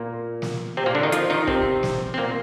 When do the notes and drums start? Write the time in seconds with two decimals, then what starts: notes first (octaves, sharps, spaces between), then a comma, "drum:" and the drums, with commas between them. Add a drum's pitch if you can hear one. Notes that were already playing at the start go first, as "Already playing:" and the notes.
Already playing: A#2 A#3
0.42 drum: snare
0.77 C3 C4
0.86 A#2 A#3
0.95 D3 D4
1.03 D#3 D#4
1.12 F3 F4, drum: hi-hat
1.30 D#3 D#4
1.47 C3 C4, drum: kick
1.83 drum: snare
2.14 C4
2.18 A#2 A#3